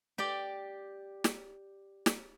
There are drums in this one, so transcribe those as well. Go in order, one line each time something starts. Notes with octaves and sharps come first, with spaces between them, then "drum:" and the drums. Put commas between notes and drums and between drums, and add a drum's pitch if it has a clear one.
G4 D5 G5
drum: snare
drum: snare